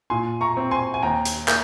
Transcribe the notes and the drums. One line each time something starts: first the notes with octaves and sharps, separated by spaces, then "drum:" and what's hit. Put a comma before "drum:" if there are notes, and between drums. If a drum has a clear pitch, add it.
A#2 G#5 C6
A#5 C#6
C4
G#5 C6
G#5
D#2 G5 A#5
drum: hi-hat
A#3, drum: clap